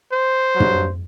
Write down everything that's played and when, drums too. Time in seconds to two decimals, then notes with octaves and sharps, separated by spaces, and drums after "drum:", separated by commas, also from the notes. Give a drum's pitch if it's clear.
0.13 C5
0.55 F#3
0.60 G2, drum: tom